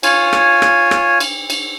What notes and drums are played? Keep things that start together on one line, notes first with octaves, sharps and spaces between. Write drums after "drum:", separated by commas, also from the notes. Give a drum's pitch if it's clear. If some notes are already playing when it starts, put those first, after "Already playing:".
F4 C#5 G#5, drum: cymbal
drum: rim click
drum: rim click
drum: rim click
drum: cymbal
drum: cymbal